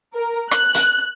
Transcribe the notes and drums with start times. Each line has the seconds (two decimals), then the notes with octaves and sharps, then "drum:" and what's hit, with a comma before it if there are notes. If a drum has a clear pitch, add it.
0.14 A#4
0.51 F#6, drum: rim click
0.74 drum: hi-hat